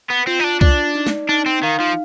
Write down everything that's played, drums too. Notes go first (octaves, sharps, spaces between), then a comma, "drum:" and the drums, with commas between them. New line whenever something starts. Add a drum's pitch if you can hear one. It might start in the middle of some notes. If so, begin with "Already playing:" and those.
B3
C4 F4
D#4
D4
D4 D5, drum: kick
D#4
drum: snare
D4 D#4
C4
D#3 F5
F3